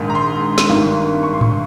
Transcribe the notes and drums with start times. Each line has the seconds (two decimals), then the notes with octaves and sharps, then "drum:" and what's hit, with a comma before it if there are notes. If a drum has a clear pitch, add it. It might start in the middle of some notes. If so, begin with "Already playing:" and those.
Already playing: A#1 G#2 D#3
0.10 A#5
0.15 C6
0.58 drum: snare
0.69 G#1 G2 D#3
1.23 C#6
1.33 C6
1.41 C#6, drum: tom G#2